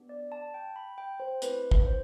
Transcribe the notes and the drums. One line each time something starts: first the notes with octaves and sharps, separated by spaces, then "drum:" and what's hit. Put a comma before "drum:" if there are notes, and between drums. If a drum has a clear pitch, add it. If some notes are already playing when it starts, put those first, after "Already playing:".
Already playing: B3 D4 G4
D5
A5
G5
B5
G5
C5
A3 C4 E4 G4 B4, drum: hi-hat
drum: kick
C5